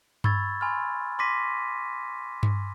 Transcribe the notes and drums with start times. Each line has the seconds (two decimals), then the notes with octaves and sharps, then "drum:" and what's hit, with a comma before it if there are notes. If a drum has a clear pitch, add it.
0.24 B5 C#6 E6 G#6 A6, drum: tom G2
0.61 G#5 B5 C6 F6
1.19 C6 D6 A#6 B6 D#7
2.43 drum: tom G2